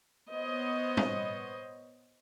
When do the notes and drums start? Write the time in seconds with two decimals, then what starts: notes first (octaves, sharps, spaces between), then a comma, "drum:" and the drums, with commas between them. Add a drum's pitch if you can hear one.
0.30 B3 C5 C#5 D#5
0.97 drum: tom